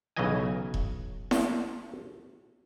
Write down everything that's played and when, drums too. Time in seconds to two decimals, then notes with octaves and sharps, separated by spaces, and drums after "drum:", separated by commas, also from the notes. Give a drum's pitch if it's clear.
0.16 B1 C#3 E3 F#3 D#5 G#5
0.74 drum: kick E1
1.31 drum: snare E4